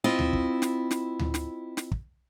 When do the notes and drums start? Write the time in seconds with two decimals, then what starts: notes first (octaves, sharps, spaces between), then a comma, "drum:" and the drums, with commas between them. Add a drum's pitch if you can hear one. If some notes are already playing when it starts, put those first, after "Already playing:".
0.04 C4 E4 F4 D#5
0.19 drum: tom D2
0.33 drum: kick
0.62 drum: snare
0.91 drum: snare
1.19 drum: tom D2
1.34 drum: snare
1.77 drum: snare
1.91 drum: kick